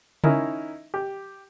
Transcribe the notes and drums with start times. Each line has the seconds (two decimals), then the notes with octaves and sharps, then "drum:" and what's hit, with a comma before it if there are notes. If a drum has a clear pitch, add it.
0.24 D#3 C#4 D#4 E4 A#4, drum: tom C#3
0.94 G4